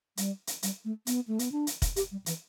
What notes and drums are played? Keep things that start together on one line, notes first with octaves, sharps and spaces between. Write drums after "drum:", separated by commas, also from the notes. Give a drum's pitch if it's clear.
G3, drum: hi-hat
drum: hi-hat
G3, drum: hi-hat
A3
B3, drum: hi-hat
A3
B3, drum: hi-hat
D4
drum: hi-hat
drum: kick, hi-hat
G4, drum: hi-hat
G3
E3, drum: hi-hat